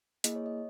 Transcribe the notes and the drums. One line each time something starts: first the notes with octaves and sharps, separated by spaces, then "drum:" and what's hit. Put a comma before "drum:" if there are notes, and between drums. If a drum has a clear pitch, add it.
A#3 E4 G#4 D#5, drum: hi-hat
C#5
D#5